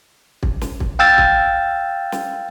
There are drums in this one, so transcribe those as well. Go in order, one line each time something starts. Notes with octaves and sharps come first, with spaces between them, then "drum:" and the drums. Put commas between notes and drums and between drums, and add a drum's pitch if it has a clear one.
drum: kick
drum: snare
drum: kick
F5 G5 E6 A6
drum: kick
drum: snare